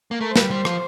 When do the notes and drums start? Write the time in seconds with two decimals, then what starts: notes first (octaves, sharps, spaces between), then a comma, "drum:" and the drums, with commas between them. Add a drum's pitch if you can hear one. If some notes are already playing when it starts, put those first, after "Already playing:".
0.11 A#3
0.21 A3 A#4
0.31 C5
0.36 G3 B4, drum: snare
0.50 G3 C5
0.65 F3, drum: rim click